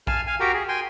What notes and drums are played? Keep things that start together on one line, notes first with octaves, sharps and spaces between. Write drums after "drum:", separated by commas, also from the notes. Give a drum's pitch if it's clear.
F5 G#5 A5 F6, drum: kick A#1
F5 G#5
F#4 G4 A#4 F5 G5 A#5
G#4
G5 G#5 C6